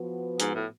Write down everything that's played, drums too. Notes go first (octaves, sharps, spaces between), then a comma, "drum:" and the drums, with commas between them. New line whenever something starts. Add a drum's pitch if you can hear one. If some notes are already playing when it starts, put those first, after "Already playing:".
Already playing: F3 B3 F#4 B4
G#2, drum: hi-hat
A2